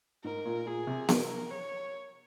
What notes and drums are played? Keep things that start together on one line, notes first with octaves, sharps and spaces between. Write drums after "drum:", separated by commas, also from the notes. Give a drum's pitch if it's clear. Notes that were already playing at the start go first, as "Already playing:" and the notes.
G#2 A#4
A#2
A#2 G#4
C3
A#4, drum: snare B3
C#5